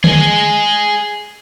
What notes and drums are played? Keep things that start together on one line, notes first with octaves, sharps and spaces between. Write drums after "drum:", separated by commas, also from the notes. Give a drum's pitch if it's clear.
G#4 D#5, drum: tom D3